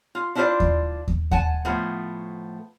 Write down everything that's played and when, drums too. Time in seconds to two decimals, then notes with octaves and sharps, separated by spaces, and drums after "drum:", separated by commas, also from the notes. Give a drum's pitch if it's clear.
0.15 F4
0.35 D4 E4 F4 B4 C5 D5
0.60 drum: kick D#2
1.08 drum: kick D#2
1.31 F#5 G#5 A5, drum: kick D#2
1.65 A2 F3 A3 B3